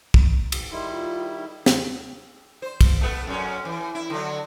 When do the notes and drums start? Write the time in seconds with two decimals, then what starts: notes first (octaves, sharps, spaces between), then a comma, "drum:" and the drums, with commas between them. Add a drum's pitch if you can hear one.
0.14 drum: kick
0.52 drum: cymbal
0.72 D#3 G3 E4 C6
0.91 F4
1.35 D#4
1.66 drum: snare
2.62 C5
2.81 drum: kick, cymbal
3.01 A3 B3
3.27 F#2 C#4
3.65 E3
3.95 E4
4.10 D3 F#3